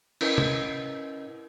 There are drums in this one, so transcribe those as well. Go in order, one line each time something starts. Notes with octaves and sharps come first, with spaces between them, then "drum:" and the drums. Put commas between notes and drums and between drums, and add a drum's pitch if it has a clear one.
C#4 E4 A#4 B4 D#5, drum: cymbal
drum: tom